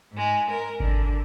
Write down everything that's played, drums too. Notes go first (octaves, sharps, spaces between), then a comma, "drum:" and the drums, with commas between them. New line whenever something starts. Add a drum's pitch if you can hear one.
G#2 G#3
A#4
D3, drum: kick G#1